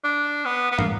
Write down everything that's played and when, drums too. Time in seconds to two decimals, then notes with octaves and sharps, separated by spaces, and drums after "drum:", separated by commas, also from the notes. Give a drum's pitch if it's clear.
0.04 D4
0.46 B3
0.71 B3
0.79 A#3, drum: tom